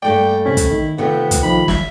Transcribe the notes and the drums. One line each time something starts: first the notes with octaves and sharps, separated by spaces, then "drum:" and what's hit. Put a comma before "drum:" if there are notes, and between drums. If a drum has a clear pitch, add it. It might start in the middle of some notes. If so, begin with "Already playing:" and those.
G2 A3 A#3 D5 G5
C3 C#4 E4
drum: kick, hi-hat
D#3
C3 A3 B3 F4
drum: kick, hi-hat
D#3 F3 B5
E5, drum: snare